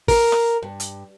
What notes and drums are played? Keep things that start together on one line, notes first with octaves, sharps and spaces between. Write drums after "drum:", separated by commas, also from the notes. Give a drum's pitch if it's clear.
A#4, drum: kick, open hi-hat
drum: rim click
G2
drum: hi-hat